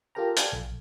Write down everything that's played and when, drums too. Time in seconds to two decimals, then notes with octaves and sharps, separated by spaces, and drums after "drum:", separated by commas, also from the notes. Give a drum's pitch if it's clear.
0.15 F4 G4 A4 A#4 G5 A#5
0.37 A4 D5 F5 G5 G#5, drum: hi-hat
0.52 A#1